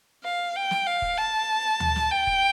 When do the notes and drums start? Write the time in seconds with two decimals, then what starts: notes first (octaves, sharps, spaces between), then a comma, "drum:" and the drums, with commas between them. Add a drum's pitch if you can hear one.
0.24 F5
0.56 G5
0.71 drum: snare
0.86 F5
1.02 drum: kick
1.17 A5
1.80 drum: tom D2
1.96 drum: snare
2.11 G5
2.27 drum: kick